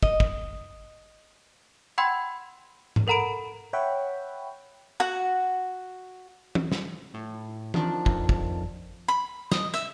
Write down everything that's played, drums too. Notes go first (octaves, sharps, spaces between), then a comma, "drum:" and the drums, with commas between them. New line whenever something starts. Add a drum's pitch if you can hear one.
D#5, drum: kick
drum: kick
F#5 G5 B5 C6 E6 G#6
drum: tom G#2
A4 A#4 F#5 A#5 B5 D7
C#5 E5 F#5 G5 B5
F#4 F#5
drum: tom E3
drum: snare
A2
D#3 F3 D4, drum: tom E3
F2, drum: kick
drum: kick
B5
D#5, drum: snare
E5, drum: hi-hat